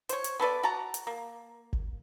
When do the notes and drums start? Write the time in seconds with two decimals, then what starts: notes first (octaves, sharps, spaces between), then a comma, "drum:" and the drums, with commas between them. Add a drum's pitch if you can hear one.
0.09 C5 C#5, drum: hi-hat
0.24 drum: hi-hat
0.40 B3 A4 B4 D5
0.63 F#4 A5 A#5
0.94 drum: hi-hat
1.07 A#3
1.73 drum: kick G1